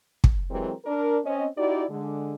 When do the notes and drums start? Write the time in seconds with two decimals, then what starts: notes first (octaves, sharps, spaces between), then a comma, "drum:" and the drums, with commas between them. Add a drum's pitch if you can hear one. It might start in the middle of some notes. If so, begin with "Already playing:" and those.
0.24 drum: kick
0.50 E3 F#3 G#3 C4 G4 A#4
0.85 D4 A#4 D5
1.24 C4 C#4 D#5
1.57 D#4 E4 F#4 G4 D5
1.90 D3 G#3